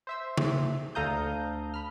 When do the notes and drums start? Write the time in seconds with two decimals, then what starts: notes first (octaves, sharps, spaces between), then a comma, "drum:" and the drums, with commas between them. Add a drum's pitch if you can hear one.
0.07 C5 E5 E6
0.38 drum: tom C#3
0.95 D2 A4 F5 A#5 D#6 G6
1.74 B5 F6